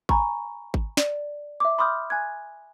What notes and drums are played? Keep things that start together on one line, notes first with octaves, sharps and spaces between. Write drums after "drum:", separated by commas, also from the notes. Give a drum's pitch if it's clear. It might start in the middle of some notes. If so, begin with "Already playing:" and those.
G#5 A#5 B5 C#6, drum: kick G#1
drum: kick G#1
D5, drum: snare
E5 D6
B5 C6 D6 D#6 F6 G6
G#5 F#6 G#6